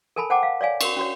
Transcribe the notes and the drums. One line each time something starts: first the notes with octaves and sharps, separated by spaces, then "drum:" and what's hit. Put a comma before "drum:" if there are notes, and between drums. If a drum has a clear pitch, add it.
A4 A#4 G#5 A5 B5
C5 F#5 G5 A5 D6
F5
C#5 D5 F5 G#5
F#4 A#4 C#6, drum: cymbal
C#4 F#4 C#5